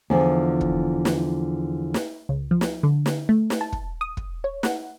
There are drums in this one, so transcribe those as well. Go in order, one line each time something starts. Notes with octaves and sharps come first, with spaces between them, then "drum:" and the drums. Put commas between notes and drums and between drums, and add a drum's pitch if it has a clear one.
E2 D3 F3
drum: kick
drum: snare
drum: snare
C#2
F3
drum: snare
D3
drum: snare
A3
drum: snare
A5
drum: kick
D#6
drum: kick
C#5
F#5, drum: snare